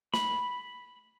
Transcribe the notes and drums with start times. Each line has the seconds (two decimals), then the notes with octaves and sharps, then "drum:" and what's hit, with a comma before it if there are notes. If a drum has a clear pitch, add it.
0.14 B5, drum: snare